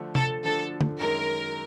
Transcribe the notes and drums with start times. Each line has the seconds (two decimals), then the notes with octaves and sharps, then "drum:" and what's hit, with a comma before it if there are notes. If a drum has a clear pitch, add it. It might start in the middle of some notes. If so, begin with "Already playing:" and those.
Already playing: D3 F3 A3 D4
0.15 A4, drum: tom C3
0.44 D3 F3 A3 D4 A4
0.81 drum: tom
1.00 F#2 D#3 G#3 A#4